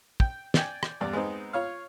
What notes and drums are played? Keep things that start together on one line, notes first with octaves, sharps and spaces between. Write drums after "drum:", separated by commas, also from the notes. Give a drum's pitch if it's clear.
G5, drum: kick
D5 G5 G#5, drum: snare
drum: rim click
E2 G2 D5
G#3 B3 C4 D#4
F4 C#5 F5